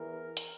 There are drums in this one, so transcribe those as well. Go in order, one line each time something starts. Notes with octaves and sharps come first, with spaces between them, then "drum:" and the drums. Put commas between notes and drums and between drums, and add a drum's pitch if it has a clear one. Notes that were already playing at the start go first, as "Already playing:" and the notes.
Already playing: E2 E3 A#4
drum: hi-hat